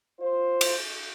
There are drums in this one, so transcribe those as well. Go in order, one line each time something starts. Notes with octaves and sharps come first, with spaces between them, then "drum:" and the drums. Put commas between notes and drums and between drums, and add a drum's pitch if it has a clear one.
F4 C5
drum: cymbal